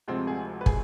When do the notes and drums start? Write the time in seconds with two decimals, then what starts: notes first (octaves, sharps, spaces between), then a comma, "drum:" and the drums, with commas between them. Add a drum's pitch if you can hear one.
0.08 D2 C3 F3 G#3 C4
0.27 G#4
0.61 B4
0.66 G#4, drum: kick